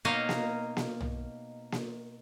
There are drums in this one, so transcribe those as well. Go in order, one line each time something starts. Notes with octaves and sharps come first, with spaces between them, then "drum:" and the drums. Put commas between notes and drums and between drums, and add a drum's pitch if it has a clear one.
B2 A#3 D#4 C#5 D#5 F5
drum: snare A#3
drum: snare A#3
drum: tom
drum: snare A#3